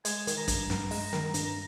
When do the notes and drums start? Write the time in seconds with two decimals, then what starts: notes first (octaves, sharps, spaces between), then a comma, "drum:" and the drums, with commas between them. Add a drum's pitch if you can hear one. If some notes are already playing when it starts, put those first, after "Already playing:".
0.05 G#3 G#5, drum: hi-hat
0.27 D#3, drum: hi-hat
0.37 A#5
0.48 G2, drum: kick, hi-hat
0.70 G2, drum: snare
0.91 G#3, drum: open hi-hat
1.13 D#3, drum: snare
1.34 G2, drum: hi-hat